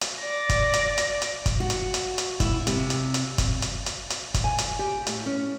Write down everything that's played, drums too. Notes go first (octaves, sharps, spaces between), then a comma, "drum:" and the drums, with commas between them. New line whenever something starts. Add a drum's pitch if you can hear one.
drum: hi-hat
D5 A#6
drum: kick, hi-hat
drum: hi-hat
drum: hi-hat
drum: hi-hat
drum: kick, hi-hat
F#4
drum: hi-hat
drum: hi-hat
drum: hi-hat
E4, drum: kick, hi-hat
C3, drum: hi-hat
drum: hi-hat
drum: hi-hat
drum: kick, hi-hat
drum: hi-hat
drum: hi-hat
drum: hi-hat
drum: kick, hi-hat
G#5
drum: hi-hat
G4
A2, drum: hi-hat
C#4